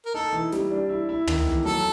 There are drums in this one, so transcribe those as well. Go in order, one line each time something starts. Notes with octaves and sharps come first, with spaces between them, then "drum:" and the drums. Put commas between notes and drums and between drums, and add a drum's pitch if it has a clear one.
A#4
D#4 A4
E3
G3, drum: snare
D4
E4
E4
D#3, drum: tom
E2
F#3 A4